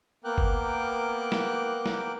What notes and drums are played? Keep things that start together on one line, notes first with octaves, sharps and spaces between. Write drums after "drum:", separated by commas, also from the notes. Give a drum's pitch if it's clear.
A#3 B3 A#4 G5 D6 F#6
drum: kick G1
drum: snare
drum: snare